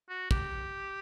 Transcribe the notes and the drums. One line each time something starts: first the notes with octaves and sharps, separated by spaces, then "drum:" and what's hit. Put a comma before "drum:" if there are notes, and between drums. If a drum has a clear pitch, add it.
F#4
G4, drum: kick